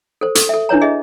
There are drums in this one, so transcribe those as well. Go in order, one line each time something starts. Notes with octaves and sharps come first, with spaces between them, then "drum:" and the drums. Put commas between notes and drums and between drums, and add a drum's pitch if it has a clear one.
A4 C5
A4, drum: hi-hat
A4 E5
D4 E4 B4 C#5 A#5
G#4 D#5 E5